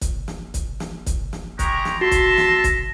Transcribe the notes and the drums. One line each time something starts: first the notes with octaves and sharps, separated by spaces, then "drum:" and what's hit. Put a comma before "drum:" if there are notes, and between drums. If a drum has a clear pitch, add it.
drum: kick C#1, hi-hat
drum: snare
drum: kick C#1, hi-hat
drum: snare
drum: kick C#1, hi-hat
drum: snare
G#3 G4 A#5 C#6, drum: kick C#1, hi-hat
drum: snare
F#4 E5 A5 C6 A#6
drum: kick C#1, hi-hat
drum: snare
drum: kick C#1, hi-hat